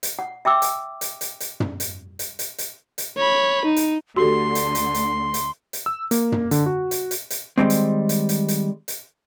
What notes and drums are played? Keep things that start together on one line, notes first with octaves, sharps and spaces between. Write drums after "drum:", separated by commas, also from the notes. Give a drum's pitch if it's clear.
drum: hi-hat
F#5
E5 G5 D6 E6
drum: hi-hat
drum: hi-hat
drum: hi-hat
drum: hi-hat
drum: tom
drum: hi-hat
drum: hi-hat
drum: hi-hat
drum: hi-hat
drum: hi-hat
C#5 B5
D#4
drum: hi-hat
D2 D3 F#4 G4 A4 C6
drum: hi-hat
drum: hi-hat
drum: hi-hat
drum: hi-hat
drum: hi-hat
E6
A#3, drum: hi-hat
drum: tom
D3, drum: hi-hat
F#4
drum: hi-hat
drum: hi-hat
drum: hi-hat
D#3 F3 G3 G#3 C4
drum: hi-hat
drum: hi-hat
drum: hi-hat
drum: hi-hat
drum: hi-hat